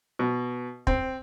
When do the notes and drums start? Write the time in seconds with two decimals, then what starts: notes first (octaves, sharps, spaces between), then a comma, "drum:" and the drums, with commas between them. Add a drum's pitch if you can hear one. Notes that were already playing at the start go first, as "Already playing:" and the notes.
0.19 B2
0.87 C4, drum: kick